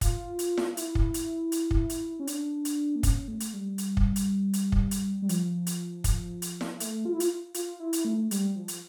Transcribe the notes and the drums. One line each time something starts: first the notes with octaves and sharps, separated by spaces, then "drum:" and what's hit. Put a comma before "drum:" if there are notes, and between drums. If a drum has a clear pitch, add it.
F4, drum: kick, hi-hat
drum: hi-hat
drum: snare E4
E4, drum: hi-hat
drum: kick
drum: hi-hat
drum: hi-hat
drum: kick
drum: hi-hat
C#4
D4, drum: hi-hat
drum: hi-hat
A#3
C#4, drum: kick, hi-hat
A3
drum: hi-hat
G3
drum: hi-hat
drum: kick
drum: hi-hat
drum: hi-hat
drum: kick
drum: hi-hat
G3
F3, drum: hi-hat
drum: hi-hat
drum: kick, hi-hat
drum: hi-hat
drum: snare E4
A3, drum: hi-hat
F4
E4
F4, drum: hi-hat
F4, drum: hi-hat
E4
drum: hi-hat
A3
G3, drum: hi-hat
F3
drum: hi-hat